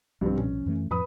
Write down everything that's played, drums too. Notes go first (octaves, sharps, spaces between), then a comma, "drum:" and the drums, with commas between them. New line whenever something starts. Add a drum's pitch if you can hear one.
B1 G2 F3 C4
C#4, drum: tom A2
F#2 E3 A3
F2 A2 F3 B4 B5 D#6